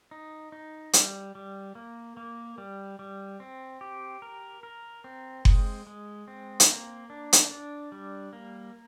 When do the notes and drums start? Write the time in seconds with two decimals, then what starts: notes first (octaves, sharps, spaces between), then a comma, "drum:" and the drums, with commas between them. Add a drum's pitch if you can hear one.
0.11 D#4
0.52 D#4
0.93 G3, drum: hi-hat
1.35 G3
1.75 A#3
2.17 A#3
2.58 G3
2.99 G3
3.40 C4
3.81 G4
4.22 A#4
4.63 A#4
5.04 C4
5.45 G#3, drum: kick F#1
5.87 G#3
6.28 C4
6.60 drum: hi-hat
6.69 A#3
7.10 D4
7.33 drum: hi-hat
7.51 D4
7.92 G3
8.33 A#3